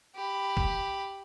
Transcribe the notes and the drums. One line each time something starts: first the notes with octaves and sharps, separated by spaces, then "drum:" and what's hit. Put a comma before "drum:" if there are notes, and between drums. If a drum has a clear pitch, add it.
G4 B5
drum: kick